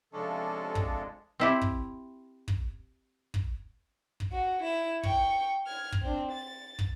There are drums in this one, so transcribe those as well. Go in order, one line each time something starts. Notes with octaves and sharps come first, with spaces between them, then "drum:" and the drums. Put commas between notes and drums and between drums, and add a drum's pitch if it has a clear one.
C3 F3 G#3 C#4 D4 A4
drum: kick
C4 E4 G4
drum: kick
drum: kick
drum: kick
drum: kick
F#4
E4 E7
G5 C#6, drum: kick
F6 G#6
drum: kick
C4 D4
A6
drum: kick